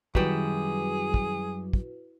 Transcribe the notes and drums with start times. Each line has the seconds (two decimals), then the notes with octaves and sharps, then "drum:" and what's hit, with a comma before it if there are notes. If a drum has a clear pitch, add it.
0.15 F#2 D#3 F#3 G3 E4 F#4 G#4 B4, drum: kick
1.14 drum: kick
1.73 drum: kick